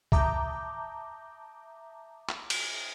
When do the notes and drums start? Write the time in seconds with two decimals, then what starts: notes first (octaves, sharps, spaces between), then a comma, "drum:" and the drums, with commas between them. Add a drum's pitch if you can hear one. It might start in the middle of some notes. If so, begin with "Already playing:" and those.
0.12 E5 A5 A#5 D6 D#6 G6, drum: kick C2
2.29 drum: clap
2.50 drum: cymbal